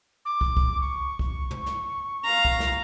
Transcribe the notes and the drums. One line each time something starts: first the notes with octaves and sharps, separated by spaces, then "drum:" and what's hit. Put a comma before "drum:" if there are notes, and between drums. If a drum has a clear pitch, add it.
D6
drum: kick
drum: kick
C#6
drum: kick
drum: tom
drum: snare
F5 A#5
drum: kick
drum: snare